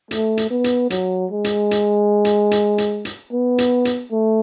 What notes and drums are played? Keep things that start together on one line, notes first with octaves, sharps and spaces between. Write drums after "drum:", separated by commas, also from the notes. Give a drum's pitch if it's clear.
A3, drum: hi-hat
drum: hi-hat
B3
drum: hi-hat
F#3, drum: hi-hat
G#3
drum: hi-hat
drum: hi-hat
drum: hi-hat
drum: hi-hat
drum: hi-hat
drum: hi-hat
B3
drum: hi-hat
drum: hi-hat
A3